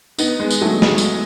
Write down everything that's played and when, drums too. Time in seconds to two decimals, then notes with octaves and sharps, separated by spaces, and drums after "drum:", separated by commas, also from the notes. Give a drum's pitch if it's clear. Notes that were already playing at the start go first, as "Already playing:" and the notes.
0.18 B3 D#4, drum: tambourine
0.40 G#3 B3
0.51 drum: tambourine
0.62 F#3 A3
0.82 drum: snare
0.98 drum: tambourine